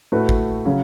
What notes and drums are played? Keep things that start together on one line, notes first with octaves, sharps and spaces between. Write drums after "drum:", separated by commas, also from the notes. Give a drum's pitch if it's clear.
A2 A3 F#4 B4
drum: kick G#1
C#3 F#3 C#4